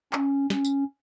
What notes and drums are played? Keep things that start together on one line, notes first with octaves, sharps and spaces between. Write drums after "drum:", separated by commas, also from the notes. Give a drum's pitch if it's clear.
C#4, drum: clap
C#4, drum: snare
drum: tambourine